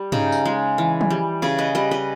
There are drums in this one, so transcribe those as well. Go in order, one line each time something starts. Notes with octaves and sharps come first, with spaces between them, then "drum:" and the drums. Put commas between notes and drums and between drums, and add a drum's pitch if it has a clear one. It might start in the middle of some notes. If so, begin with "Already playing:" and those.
Already playing: G3
C#3 D#4, drum: tom
drum: tambourine
G#3
E3
drum: tom F3
G3
C#3 G#4 B4
B4 D#5
G3 B4 D#5
B4 D#5